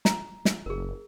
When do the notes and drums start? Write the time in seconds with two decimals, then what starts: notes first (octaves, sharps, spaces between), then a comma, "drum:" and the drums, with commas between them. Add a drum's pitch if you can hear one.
0.05 A#5, drum: snare
0.45 drum: snare
0.66 F#1 G#4 A#4